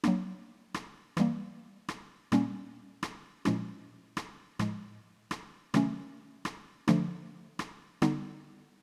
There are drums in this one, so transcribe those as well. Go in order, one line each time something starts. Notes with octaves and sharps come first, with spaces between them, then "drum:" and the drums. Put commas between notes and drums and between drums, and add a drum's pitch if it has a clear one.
F#3 A#3 D4, drum: rim click
drum: rim click
E3 G3 A#3, drum: rim click
drum: rim click
A#2 G3 A#3 C#4, drum: rim click
drum: rim click
A#2 F3 G#3 C#4 E4, drum: rim click
drum: rim click
A2 F3 G#3, drum: rim click
drum: rim click
C3 D#3 F#3 A3 C#4, drum: rim click
drum: rim click
D3 F3 A3 D4, drum: rim click
drum: rim click
D3 G3 B3 D#4, drum: rim click